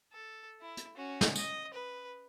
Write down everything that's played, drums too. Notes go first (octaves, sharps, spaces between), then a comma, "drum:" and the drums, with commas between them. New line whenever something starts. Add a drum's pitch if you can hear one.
A4
E4
drum: hi-hat
C#4 F#4
drum: snare
D#5, drum: tambourine
B4